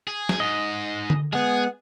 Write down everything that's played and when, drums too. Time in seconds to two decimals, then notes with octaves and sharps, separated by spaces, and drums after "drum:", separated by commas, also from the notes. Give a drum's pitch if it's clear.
0.07 G#4
0.29 drum: snare
0.40 G#2 D#5
1.10 drum: tom D3
1.33 G#3 B3 G#4 F#5